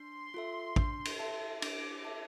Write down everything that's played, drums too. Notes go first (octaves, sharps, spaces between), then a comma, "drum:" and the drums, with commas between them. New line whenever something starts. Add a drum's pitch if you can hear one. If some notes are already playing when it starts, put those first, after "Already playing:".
Already playing: D4 C6
F4 A4 E5
D4, drum: kick A1
drum: cymbal
A4 E5 A5
D4 D6, drum: cymbal
A4 E5 A5